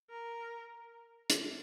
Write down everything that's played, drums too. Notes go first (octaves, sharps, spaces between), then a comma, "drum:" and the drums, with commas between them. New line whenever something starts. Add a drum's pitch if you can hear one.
A#4
drum: hi-hat